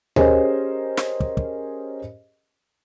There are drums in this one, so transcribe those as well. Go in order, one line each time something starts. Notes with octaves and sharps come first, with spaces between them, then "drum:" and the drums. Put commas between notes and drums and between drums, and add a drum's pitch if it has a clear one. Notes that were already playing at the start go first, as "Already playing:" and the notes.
C#4 G4 G#4 A#4 C5 D#5, drum: tom D2
drum: snare
drum: kick
drum: kick